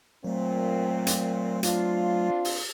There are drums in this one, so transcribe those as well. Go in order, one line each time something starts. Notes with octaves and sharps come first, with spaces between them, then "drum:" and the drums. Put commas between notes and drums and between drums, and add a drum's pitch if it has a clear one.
A#2 F#3 A3 C4
drum: hi-hat
C4 D4 F4, drum: hi-hat
drum: open hi-hat